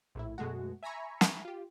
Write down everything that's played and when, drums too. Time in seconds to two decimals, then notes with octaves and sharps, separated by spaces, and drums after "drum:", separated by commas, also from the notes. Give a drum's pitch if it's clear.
0.15 A#1 A2 E4
0.38 F#2 B2 G#3 A3 F#4
0.83 E5 G#5 A#5 B5 C#6
1.21 drum: snare
1.45 F4 G4